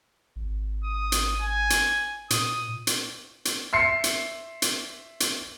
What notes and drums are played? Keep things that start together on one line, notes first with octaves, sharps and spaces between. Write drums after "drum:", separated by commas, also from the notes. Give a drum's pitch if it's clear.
G#1
D#6
drum: hi-hat
G#5
drum: hi-hat
A#2 D#6, drum: hi-hat
drum: hi-hat
drum: hi-hat
E5 C6 C7 C#7
drum: hi-hat
drum: hi-hat
drum: hi-hat